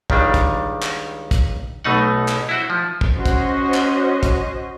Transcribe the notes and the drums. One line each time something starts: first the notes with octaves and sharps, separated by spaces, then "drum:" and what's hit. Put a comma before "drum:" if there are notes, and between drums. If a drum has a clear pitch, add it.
C#2 D#3 G3 D4, drum: kick
drum: kick, hi-hat
drum: clap
drum: kick, hi-hat
B1 B2 A3 D#4 F#5
drum: clap
E4 F#4 C5
F3
drum: kick
C#4 F#4 C5 D#5
drum: kick, hi-hat
drum: clap
drum: kick, hi-hat